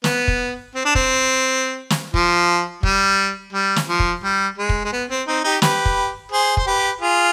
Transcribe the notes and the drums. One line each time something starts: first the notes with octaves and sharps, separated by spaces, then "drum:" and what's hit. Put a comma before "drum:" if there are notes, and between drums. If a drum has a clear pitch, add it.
B3, drum: snare
drum: kick
C4
D4
C4, drum: kick
drum: snare
F3, drum: kick
G3, drum: kick
G3
drum: snare
F3
drum: kick
G3
G#3
drum: kick
G#3
B3
C4
C4 D#4
D#4 G4
G4 B4, drum: snare
drum: kick
G#4 C5
C5, drum: kick
G4 B4
F4 G#4